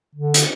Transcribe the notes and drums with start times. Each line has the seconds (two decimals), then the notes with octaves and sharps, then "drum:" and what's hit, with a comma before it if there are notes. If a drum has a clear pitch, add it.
0.16 D3
0.34 drum: hi-hat